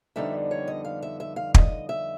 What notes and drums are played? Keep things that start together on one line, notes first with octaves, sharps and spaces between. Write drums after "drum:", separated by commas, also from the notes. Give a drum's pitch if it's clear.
F2 D3 G3 B3 D#4 E5
C#5
D#5
F5
E5
E5
F5
D#5, drum: kick
E5